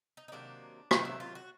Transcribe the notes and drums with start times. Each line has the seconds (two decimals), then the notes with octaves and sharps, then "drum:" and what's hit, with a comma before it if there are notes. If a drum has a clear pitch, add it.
0.17 D#4
0.28 D#4
0.32 C3 D#3 F#3 A#3 D4
0.91 C3 D#3 F#3 A#3 D#4, drum: rim click
1.05 E4
1.20 F4
1.35 F#4